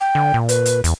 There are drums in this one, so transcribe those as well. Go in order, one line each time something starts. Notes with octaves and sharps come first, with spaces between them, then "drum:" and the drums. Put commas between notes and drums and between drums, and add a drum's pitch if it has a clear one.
G5
D3
A#2
B4, drum: hi-hat
drum: hi-hat
E2, drum: hi-hat